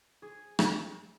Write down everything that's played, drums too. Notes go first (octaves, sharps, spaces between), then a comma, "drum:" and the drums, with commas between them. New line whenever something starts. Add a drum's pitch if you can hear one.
G#4
drum: rim click